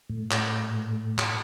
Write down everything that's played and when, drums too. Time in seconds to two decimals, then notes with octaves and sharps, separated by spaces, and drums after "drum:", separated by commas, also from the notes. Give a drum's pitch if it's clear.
0.09 A2
0.31 drum: clap
1.19 drum: clap